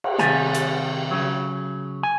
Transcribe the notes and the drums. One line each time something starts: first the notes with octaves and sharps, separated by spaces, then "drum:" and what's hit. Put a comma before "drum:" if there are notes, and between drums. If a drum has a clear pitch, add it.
drum: cymbal
C3 D#3 G3 G#5, drum: snare
drum: hi-hat
C#3 F#3
G#5